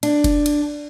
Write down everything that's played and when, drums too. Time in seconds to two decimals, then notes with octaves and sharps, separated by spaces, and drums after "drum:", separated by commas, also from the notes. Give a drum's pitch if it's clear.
0.03 D4, drum: cymbal
0.24 drum: kick F1, cymbal
0.46 drum: cymbal